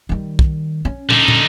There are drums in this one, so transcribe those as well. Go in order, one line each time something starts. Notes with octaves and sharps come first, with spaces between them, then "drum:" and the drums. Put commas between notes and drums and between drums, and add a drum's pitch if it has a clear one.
D#3 G3
drum: kick
C#4
D3 D#4, drum: tom
drum: tom